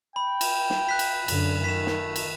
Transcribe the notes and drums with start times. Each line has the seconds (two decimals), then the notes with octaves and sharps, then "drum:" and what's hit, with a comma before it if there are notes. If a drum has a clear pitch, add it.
0.16 G5 B5
0.41 drum: cymbal
0.70 drum: snare
0.89 F#6 B6
0.99 drum: cymbal
1.28 F#2 D3, drum: cymbal
1.64 D#3 A3 B6 E7
1.86 drum: snare
2.16 drum: cymbal